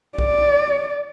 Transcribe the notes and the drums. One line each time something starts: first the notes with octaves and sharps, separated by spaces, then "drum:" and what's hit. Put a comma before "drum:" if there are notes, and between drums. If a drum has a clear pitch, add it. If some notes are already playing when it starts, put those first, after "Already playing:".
D5, drum: kick B1